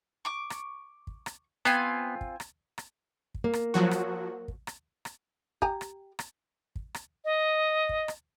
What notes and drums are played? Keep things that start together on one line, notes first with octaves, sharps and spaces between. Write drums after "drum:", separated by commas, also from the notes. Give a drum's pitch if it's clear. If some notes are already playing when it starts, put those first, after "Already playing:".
C#6 D6
drum: rim click
drum: kick
drum: rim click
B3 C4 F4 G#5, drum: rim click
drum: kick
drum: rim click
drum: rim click
drum: kick
A#3
drum: rim click
F3 F#3 F#4
drum: rim click
drum: kick
drum: rim click
drum: rim click
G4 G#5 A#5, drum: kick
drum: rim click
drum: rim click
drum: kick
drum: rim click
D#5
drum: kick
drum: rim click